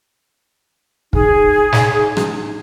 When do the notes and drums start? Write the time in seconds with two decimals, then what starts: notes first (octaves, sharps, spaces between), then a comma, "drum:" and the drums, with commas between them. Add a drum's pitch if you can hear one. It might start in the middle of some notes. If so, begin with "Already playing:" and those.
1.13 D#4 G#4, drum: kick
1.72 drum: snare
2.17 drum: rim click